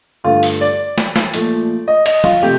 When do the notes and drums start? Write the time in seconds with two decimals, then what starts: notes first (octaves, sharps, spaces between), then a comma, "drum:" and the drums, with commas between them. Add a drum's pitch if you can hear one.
0.24 G2 D3 A3 F4
0.43 drum: open hi-hat
0.61 D5
0.98 drum: snare
1.16 drum: snare
1.34 A#2 F3 A3, drum: hi-hat
1.88 D#5
2.06 D#5, drum: cymbal
2.24 F4, drum: tom
2.42 C3 F3 A3 G4